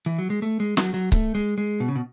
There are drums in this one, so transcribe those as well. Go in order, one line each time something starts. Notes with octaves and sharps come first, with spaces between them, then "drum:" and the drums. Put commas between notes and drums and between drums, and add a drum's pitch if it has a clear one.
E3
F#3
G#3
A3
G#3
F#3, drum: snare
F#3
A3, drum: kick C#1
G#3
G#3
B2
C#3
B2